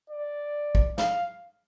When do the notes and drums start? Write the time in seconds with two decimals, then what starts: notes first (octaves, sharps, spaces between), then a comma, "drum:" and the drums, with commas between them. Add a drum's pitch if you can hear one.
0.10 D5
0.75 drum: kick
0.98 F5, drum: snare